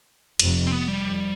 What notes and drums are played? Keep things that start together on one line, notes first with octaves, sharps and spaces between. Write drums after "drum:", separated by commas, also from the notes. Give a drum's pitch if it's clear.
F1 F2 C3, drum: cymbal
C4
B3
G3
F2